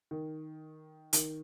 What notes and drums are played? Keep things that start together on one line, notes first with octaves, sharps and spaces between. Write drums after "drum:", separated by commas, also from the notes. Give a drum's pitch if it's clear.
D#3
D#3, drum: hi-hat